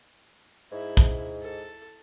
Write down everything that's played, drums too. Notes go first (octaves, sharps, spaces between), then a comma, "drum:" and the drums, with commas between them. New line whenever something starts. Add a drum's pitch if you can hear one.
G#2 E4
drum: kick
A4